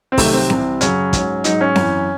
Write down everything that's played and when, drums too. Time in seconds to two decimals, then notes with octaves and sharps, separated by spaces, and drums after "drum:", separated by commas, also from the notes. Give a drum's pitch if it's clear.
0.12 C4
0.18 C2 C3 D#3 F#3 A3, drum: kick, open hi-hat
0.33 C4
0.50 C2 C3 E3, drum: snare C4
0.81 F#2 C#3 F#3 C#4, drum: hi-hat
1.13 G#2 F#3, drum: kick, hi-hat
1.44 G#2 F#3 D#4, drum: hi-hat
1.61 C#4
1.76 F#2 E3, drum: snare C4